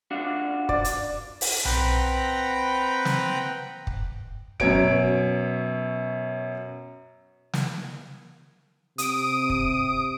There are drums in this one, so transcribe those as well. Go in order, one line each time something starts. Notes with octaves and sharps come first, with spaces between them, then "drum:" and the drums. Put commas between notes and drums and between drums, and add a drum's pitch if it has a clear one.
D4 F4 F#4
D5, drum: kick
drum: hi-hat
drum: open hi-hat
C4 B4 F#5 G5 A#5 B5, drum: tom B1
drum: snare
drum: kick
F#2 B2 C#5 D7, drum: kick
drum: snare
C3 D#6 D7, drum: hi-hat
drum: kick